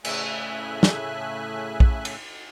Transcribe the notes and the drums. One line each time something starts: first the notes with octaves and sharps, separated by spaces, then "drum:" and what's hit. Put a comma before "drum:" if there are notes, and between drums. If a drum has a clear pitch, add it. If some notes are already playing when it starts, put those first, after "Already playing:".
A2 C#3 A3 E5 G#5 F#6, drum: cymbal
drum: snare
drum: kick
drum: cymbal